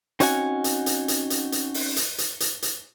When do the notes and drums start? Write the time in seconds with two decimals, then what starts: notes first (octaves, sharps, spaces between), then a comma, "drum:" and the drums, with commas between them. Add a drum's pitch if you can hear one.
0.20 C4 C#4 D#4 F#4 F#5 G#5, drum: hi-hat
0.64 drum: hi-hat
0.86 drum: hi-hat
1.08 drum: hi-hat
1.30 drum: hi-hat
1.52 drum: hi-hat
1.74 drum: open hi-hat
1.96 drum: hi-hat
2.18 drum: hi-hat
2.40 drum: hi-hat
2.62 drum: hi-hat